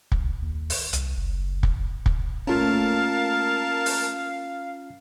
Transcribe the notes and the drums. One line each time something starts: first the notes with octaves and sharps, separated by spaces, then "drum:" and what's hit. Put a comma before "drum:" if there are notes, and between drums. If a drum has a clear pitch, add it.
C2, drum: kick
D#2
drum: open hi-hat
C2, drum: hi-hat
F#1
drum: kick
drum: kick
A#2 A3 A#3 C#4 F4 A#4 F5 A5
drum: open hi-hat